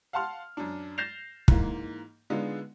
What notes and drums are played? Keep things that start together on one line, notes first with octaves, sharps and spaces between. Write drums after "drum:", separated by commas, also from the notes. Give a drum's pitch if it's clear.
F5 F#5 A5 C6 F6
F#2 D4
G6 A6 A#6 C7 E7 F7
G#2 E3 A#3, drum: kick
D3 G#3 B3 D#4 F4